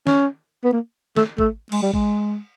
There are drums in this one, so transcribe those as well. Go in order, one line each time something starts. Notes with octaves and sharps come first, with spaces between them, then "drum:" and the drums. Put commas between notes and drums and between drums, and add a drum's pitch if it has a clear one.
C#4, drum: snare
B3
A#3
A3, drum: snare
A3, drum: kick
G#3, drum: cymbal
G3
G#3, drum: kick